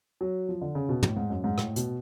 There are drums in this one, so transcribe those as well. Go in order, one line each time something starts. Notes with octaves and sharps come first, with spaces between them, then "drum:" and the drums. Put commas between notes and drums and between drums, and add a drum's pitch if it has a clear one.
F#3
F3
D3
C#3
B2
A2, drum: tom
G#2
F#2
G#2
A2, drum: rim click
B2, drum: hi-hat